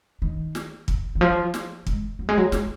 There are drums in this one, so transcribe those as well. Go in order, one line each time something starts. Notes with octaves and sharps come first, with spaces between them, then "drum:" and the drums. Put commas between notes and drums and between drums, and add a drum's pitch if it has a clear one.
D#3
drum: snare
drum: kick
D#3
F3
drum: snare
G#3, drum: kick
F#3
G#3
F#3
G#3, drum: snare